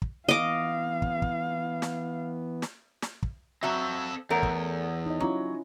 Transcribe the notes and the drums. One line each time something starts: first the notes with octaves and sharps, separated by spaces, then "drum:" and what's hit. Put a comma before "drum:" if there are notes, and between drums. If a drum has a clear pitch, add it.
drum: kick
E3 B3 D#5 F5 D6
drum: kick
drum: kick
drum: snare
drum: snare
drum: snare
drum: kick
F#3 C4 F#4 A4 E5
E2 A3 A#4 C#5 F#5
drum: kick
D#4 C#5 D#5
F#3 C#4 E4 F4